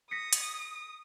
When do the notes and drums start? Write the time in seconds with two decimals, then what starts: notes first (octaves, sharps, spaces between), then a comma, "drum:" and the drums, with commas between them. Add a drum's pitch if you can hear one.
0.11 D#6 A#6 B6 C#7
0.33 drum: hi-hat